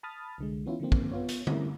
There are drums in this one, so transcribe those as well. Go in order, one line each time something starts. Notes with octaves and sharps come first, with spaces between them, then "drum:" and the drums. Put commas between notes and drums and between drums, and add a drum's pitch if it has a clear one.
A5 B5 D#6 F6 A6
C2 D3 G#3
E3 B3 C#4 E4 F4
D3 D#3 F3 A#3 C4
drum: kick
B3 F4 C#5
drum: hi-hat
G3 A3 C4 C#4 E4 A#4, drum: tom